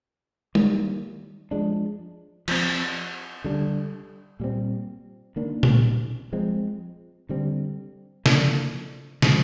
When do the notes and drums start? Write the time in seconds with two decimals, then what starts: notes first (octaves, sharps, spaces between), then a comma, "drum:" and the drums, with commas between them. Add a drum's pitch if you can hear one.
0.55 D#3 G3 A#3, drum: tom G3
1.51 F3 G#3 D4
2.48 F3 C4, drum: cymbal
3.44 D3 G3 D4
4.40 A#2 G3 C4
5.36 D#3 A#3 D4
5.63 drum: tom A#2
6.32 F3 G#3 C4
7.29 D3 G3 C4
8.26 D3 F3 A#3 D4, drum: snare
9.22 A#2 F3 G#3 C4, drum: snare